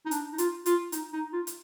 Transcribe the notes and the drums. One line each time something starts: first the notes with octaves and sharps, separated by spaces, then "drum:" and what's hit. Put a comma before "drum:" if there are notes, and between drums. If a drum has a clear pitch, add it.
D#4
D4, drum: hi-hat
D#4
F4, drum: hi-hat
F4, drum: hi-hat
D#4, drum: hi-hat
D#4
F4
drum: hi-hat